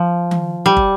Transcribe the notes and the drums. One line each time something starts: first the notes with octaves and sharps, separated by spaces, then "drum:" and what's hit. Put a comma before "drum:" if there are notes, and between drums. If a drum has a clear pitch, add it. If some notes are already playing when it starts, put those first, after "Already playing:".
Already playing: F3
drum: tom D#3
G3
drum: kick